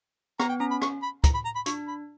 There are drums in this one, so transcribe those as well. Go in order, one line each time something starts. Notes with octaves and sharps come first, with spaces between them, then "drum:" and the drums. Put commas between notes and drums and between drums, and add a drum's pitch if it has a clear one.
B3 A#5, drum: rim click
G5
C#4 A#5
B5
C#6, drum: rim click
B5
A#5, drum: kick, hi-hat
B5
A#5
B5
D4 C#6, drum: hi-hat
B5